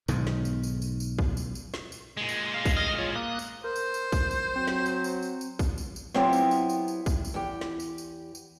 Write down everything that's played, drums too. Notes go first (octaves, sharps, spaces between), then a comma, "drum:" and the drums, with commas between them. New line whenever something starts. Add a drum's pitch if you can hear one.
B1 G#2 D#3, drum: tambourine
drum: snare
drum: tambourine
drum: tambourine
drum: tambourine
drum: tambourine
drum: kick
drum: tambourine
drum: tambourine
drum: snare
drum: tambourine
A#2 G#3
drum: tambourine
F5
drum: kick, tambourine
D#5 D#6 F6
F4 C#5
A#3 D#6 F#6
drum: tambourine
A#4 C5
drum: tambourine
drum: tambourine
drum: kick, tambourine
drum: tambourine
F#3 C4
drum: snare
drum: tambourine
drum: tambourine
drum: tambourine
drum: tambourine
drum: kick, tambourine
drum: tambourine
drum: tambourine
F#3 B3 C4 E4 F4 G4, drum: snare
drum: tambourine
drum: tambourine
drum: tambourine
drum: tambourine
drum: kick, tambourine
drum: tambourine
E2 G4
drum: snare
drum: tambourine
drum: tambourine
drum: tambourine